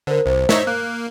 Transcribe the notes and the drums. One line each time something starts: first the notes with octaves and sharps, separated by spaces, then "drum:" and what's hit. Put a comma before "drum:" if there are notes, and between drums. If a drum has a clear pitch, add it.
D3 A#4 C5
C2 C5
D#4 C#5 E5, drum: snare
A#3 F#6